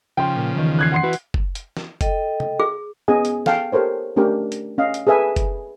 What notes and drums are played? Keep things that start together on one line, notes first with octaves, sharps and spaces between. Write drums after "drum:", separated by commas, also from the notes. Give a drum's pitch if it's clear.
C#3 F3 G5 C6
A#2
E2 D#3
F#6 G#6 C7
F#5 C6 C7
E3 F#4 B4
drum: hi-hat
drum: kick
drum: hi-hat
drum: snare
A4 D#5 G5, drum: kick, hi-hat
drum: tom
G#4
B3 C#4 G#4 D#5 G#5
drum: hi-hat
A4 F5 G5 A5, drum: snare
G4 A4 A#4 C5 C#5
A3 C#4 D4 G4 A#4
drum: hi-hat
C#4 D#5 F5
drum: hi-hat
G#4 A4 B4 E5 G#5
drum: kick, hi-hat